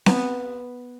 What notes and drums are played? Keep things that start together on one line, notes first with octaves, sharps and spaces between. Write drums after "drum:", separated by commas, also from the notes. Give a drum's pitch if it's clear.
B3, drum: snare C4